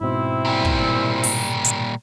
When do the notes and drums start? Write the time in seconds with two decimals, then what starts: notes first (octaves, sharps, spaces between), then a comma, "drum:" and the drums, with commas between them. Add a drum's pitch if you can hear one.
0.01 G#2 B2 C4 E4
0.45 A#2 G3
0.65 drum: kick
1.23 drum: open hi-hat
1.64 drum: hi-hat